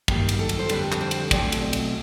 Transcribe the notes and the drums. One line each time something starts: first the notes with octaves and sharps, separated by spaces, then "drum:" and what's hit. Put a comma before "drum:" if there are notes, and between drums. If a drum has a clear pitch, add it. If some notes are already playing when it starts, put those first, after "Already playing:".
G2 D#3 F#3 A#3, drum: kick
drum: cymbal
A4
drum: cymbal
C5
F2 D3 G3 B4, drum: cymbal
A#4
B4, drum: clap
C5
drum: cymbal
D#5
B2 F#3 A3 C4 D5, drum: kick, cymbal
drum: cymbal
D#5
drum: cymbal